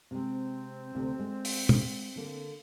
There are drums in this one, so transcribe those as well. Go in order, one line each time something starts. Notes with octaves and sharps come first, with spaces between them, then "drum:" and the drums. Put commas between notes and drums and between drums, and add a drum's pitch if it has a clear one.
C3 G#3 C4
D2 C3
G#3
drum: open hi-hat
G#3, drum: tom
D3 A#3